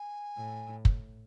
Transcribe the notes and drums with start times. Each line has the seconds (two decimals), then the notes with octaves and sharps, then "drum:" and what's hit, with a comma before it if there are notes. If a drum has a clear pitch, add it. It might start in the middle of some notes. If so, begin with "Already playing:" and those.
Already playing: G#5
0.37 A2
0.85 drum: kick